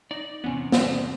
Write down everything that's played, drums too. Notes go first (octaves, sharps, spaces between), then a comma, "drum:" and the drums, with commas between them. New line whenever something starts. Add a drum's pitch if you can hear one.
D#4 D5 A#6
E2 C3 B3 C#4
C5 D5, drum: snare